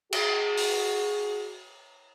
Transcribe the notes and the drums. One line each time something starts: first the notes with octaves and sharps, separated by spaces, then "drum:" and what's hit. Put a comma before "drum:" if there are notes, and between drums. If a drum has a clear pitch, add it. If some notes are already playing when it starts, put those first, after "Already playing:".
F#4 G#4, drum: cymbal
drum: open hi-hat